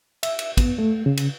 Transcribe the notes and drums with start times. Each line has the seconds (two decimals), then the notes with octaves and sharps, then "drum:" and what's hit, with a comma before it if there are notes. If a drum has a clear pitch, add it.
0.23 E5, drum: cymbal
0.39 drum: cymbal
0.57 B3, drum: kick, cymbal
0.79 A3
1.06 C#3
1.17 drum: cymbal